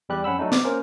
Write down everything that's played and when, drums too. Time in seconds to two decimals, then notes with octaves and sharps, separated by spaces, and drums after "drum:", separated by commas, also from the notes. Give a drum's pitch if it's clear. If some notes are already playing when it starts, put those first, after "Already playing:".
0.09 E2 G3 G4 F#6
0.24 F2 C#4 F#5 B5 E6
0.39 F#3 A3 D4 D#4
0.52 D6, drum: snare
0.64 A#3 C#4 A#4 C5